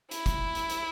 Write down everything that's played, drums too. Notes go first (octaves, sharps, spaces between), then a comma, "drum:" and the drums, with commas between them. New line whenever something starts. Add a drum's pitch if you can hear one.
E4, drum: hi-hat
drum: kick, hi-hat
drum: hi-hat
drum: hi-hat